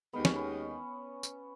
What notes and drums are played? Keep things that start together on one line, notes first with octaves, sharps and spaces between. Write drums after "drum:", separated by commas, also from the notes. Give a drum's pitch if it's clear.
D#2 D#3 G#3 B3
C#4, drum: snare
B3
drum: tambourine